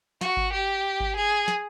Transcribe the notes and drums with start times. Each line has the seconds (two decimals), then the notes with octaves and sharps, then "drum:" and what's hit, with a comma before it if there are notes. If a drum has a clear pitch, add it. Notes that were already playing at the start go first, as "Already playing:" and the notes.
0.21 F#4, drum: snare
0.37 drum: kick G1
0.53 G4
1.00 drum: kick G1
1.16 G#4
1.48 drum: snare